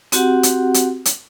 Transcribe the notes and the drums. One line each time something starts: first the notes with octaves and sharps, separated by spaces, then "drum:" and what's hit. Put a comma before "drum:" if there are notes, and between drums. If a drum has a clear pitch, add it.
C4 F#4 G4 F#5, drum: hi-hat
drum: hi-hat
drum: hi-hat
drum: hi-hat